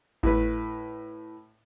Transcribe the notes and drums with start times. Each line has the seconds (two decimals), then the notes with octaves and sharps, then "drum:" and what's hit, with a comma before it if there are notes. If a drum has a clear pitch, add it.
0.23 A2 B4, drum: kick G#1